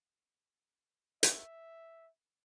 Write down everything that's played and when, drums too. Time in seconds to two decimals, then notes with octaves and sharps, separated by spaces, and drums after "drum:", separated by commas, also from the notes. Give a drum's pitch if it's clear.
1.23 E5, drum: hi-hat